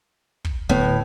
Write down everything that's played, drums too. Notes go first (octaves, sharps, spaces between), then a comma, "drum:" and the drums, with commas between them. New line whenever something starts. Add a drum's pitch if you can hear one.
drum: kick
D1 A2 B3